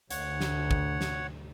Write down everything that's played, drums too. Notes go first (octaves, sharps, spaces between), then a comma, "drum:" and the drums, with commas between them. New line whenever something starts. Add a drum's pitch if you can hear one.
D2 C#5 F#5, drum: hi-hat
drum: snare
drum: kick
drum: snare